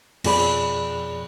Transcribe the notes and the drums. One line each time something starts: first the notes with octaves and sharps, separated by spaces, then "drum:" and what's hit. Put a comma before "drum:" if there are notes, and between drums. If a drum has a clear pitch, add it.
F2 B2 F3 G#4 D5 B5, drum: cymbal